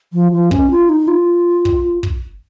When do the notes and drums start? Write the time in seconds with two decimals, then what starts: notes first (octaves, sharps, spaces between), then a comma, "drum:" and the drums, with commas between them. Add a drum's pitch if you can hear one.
0.13 F3
0.32 F3
0.51 C#4, drum: kick
0.71 F4
0.89 D#4
1.08 F4
1.65 drum: kick
2.03 drum: kick